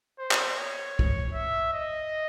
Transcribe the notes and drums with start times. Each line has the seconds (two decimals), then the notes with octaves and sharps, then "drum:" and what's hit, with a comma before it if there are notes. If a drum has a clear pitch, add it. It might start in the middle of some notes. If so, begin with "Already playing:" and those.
0.19 C5
0.31 drum: clap
0.57 C#5
0.99 drum: kick
1.33 E5
1.72 D#5